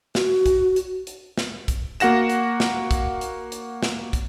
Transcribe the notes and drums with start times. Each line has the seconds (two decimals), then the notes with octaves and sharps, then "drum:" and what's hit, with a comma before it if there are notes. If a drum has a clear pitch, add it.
0.15 F#4, drum: snare
0.46 drum: kick, hi-hat
0.76 drum: hi-hat
1.07 drum: hi-hat
1.38 drum: snare
1.68 drum: kick, hi-hat
2.00 A#3 F#4 F#5 A#6 E7, drum: hi-hat
2.29 drum: hi-hat
2.60 drum: snare
2.91 drum: kick, hi-hat
3.21 drum: hi-hat
3.52 drum: hi-hat
3.83 drum: snare
4.13 drum: kick, hi-hat